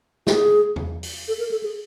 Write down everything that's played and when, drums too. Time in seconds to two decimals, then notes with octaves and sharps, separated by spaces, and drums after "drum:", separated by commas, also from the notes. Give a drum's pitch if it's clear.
0.27 G4, drum: snare
0.32 G#4
0.76 drum: tom E2
1.03 drum: open hi-hat
1.28 A4
1.39 A#4
1.51 A4
1.63 G#4